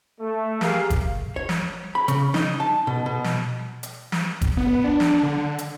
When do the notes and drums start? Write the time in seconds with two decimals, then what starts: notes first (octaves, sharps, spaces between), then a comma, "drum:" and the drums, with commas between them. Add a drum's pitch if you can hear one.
0.21 A3
0.61 G4 G#4 A#4 F5, drum: snare
0.90 drum: kick, hi-hat
1.36 C#5
1.49 drum: snare
1.95 B5
2.08 C#3, drum: hi-hat
2.34 D#4, drum: snare
2.60 A5
2.87 B2
3.06 B2
3.24 drum: snare
3.83 drum: hi-hat
4.12 drum: snare
4.41 drum: kick, hi-hat
4.57 B3
4.84 D4
5.00 drum: snare
5.23 D3
5.58 drum: hi-hat